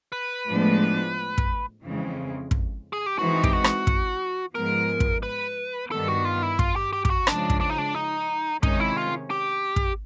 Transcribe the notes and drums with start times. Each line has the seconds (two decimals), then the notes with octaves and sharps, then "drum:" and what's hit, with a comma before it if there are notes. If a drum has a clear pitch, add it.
0.12 B4
0.47 A2 F3 G#3 B3 D4
1.38 drum: kick
1.84 F2 C#3 E3 G#3 C4
2.51 drum: kick
2.93 G#4
3.06 G4
3.19 E3 G#3 C4 D#4 F#4
3.44 G4, drum: kick
3.53 F#4
3.64 drum: rim click
3.87 drum: kick
4.55 G#2 F3 G#3 B3 A#4
5.00 drum: kick
5.23 B4
5.90 G2 D#3 G3 B3 A4
6.08 F#4
6.25 F4
6.42 E4
6.59 F4, drum: kick
6.76 G4
6.93 G4
7.05 G4, drum: kick
7.10 F#4
7.27 C#3 F3 G#3 D4, drum: rim click
7.50 drum: kick
7.61 D4
7.70 D#4
7.78 D4
7.95 D#4
8.63 C3 D#3 G#3 C#4 D#4, drum: kick
8.80 E4
8.97 F4
9.31 G4
9.76 drum: kick